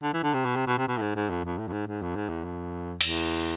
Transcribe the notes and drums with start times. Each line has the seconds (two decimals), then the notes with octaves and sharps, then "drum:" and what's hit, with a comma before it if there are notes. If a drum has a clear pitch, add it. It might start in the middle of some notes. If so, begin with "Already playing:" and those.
0.03 D3
0.13 E3
0.23 D3
0.34 C3
0.45 B2
0.56 C3
0.67 B2
0.78 C3
0.88 B2
0.97 A2
1.02 G#2
1.16 G#2
1.30 F2
1.45 F2
1.58 A2
1.68 F2
1.73 G#2
1.87 G#2
2.02 F2
2.16 G#2
2.29 E2
2.44 F2
3.01 E2, drum: cymbal